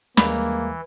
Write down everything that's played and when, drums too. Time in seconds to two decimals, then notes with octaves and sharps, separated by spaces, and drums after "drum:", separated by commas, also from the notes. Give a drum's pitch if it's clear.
0.17 D#2 E3 G3 G#3 A#3 B5, drum: snare